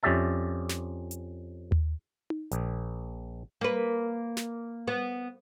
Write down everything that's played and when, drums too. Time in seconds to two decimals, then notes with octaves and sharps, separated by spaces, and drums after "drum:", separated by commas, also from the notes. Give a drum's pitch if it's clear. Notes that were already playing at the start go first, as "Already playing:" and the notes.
0.03 F2 C#4 G4 D5 E5 A5
0.69 drum: snare
1.11 drum: hi-hat
1.72 drum: tom D#2
2.30 drum: tom D#4
2.51 A#1, drum: hi-hat
3.61 A#3 B4
4.37 drum: snare
4.87 B3